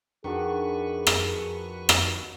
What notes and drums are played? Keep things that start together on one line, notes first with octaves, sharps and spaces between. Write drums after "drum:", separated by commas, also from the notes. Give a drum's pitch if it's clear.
F2 D#3 D4 F#4 G#4 B4 C#6
drum: rim click
drum: rim click